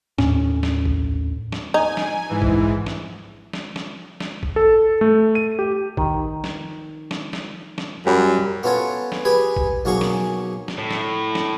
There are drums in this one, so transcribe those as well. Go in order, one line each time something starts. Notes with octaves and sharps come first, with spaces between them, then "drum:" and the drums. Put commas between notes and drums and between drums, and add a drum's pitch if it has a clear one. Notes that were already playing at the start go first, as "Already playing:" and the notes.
D#2 A2 C#4, drum: snare
drum: snare
drum: kick
drum: snare
D#4 G#5
drum: snare
G#2 E3
drum: kick
drum: snare
drum: snare
drum: snare
drum: snare
drum: kick
A4
A3
D#7
G4
D#3, drum: kick
drum: snare
drum: snare
drum: snare
drum: snare
F#2 G3 G4 C#5
B3 C#4 F4 A4 C#5 F#5
drum: snare
G4 G#4 B4 G#5
drum: kick
B1 A#3 C#4 F#4 G#4 C#6
drum: snare
drum: snare
A2
drum: snare
drum: snare